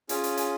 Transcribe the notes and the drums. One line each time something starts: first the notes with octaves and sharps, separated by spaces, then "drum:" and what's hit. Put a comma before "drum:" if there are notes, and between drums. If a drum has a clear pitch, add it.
C#4 F4 G#4 G#5, drum: hi-hat
drum: hi-hat
G#5, drum: hi-hat